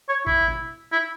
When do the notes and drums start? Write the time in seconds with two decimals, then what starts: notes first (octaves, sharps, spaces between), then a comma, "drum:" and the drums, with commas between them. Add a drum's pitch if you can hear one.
0.09 C#5
0.27 E4, drum: kick A1
0.48 drum: tom
0.92 E4